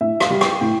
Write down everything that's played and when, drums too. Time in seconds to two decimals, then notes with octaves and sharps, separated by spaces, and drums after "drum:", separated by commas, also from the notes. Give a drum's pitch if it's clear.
0.01 A2 E5
0.20 F5, drum: rim click
0.30 G3
0.41 G5, drum: rim click
0.61 A2 G5